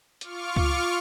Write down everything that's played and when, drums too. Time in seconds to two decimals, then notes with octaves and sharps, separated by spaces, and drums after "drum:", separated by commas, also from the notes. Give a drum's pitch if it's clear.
0.21 F4 C#6 D6 F6, drum: hi-hat
0.56 drum: kick C#2